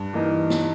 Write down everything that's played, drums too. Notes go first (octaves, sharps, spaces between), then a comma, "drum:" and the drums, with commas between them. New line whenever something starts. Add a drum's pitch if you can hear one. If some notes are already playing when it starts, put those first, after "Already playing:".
Already playing: G2
E3 A#3 D#4
drum: snare